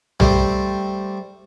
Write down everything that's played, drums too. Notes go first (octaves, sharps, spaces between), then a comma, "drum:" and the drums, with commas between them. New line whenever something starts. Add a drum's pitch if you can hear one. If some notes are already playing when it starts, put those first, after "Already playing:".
G3 A3 C4, drum: tom B1